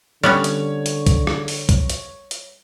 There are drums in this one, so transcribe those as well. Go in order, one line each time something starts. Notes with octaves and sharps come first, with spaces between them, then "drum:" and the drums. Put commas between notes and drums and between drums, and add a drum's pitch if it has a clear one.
D3 G3 B3 C#4 C#5
drum: hi-hat
drum: hi-hat
drum: kick, hi-hat
drum: rim click
drum: open hi-hat
drum: kick, hi-hat
drum: hi-hat
drum: hi-hat